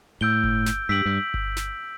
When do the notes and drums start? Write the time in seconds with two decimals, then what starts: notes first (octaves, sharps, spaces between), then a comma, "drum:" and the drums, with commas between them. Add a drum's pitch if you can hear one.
0.21 A2 E6 G6 D7 G7
0.44 drum: kick G1
0.66 drum: snare
0.89 G2 E6 B6 D7 F#7
1.06 G2
1.34 drum: kick G1
1.57 drum: snare